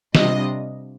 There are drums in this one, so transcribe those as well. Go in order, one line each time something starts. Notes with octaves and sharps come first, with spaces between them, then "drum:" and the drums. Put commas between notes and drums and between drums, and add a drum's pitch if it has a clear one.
C3 G3 D4 F4 D#5, drum: snare